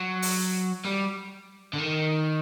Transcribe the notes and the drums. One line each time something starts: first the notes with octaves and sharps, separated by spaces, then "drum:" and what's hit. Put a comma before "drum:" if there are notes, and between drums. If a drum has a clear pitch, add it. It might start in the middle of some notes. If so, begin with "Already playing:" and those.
Already playing: F#3
drum: open hi-hat
G3
D3
D#3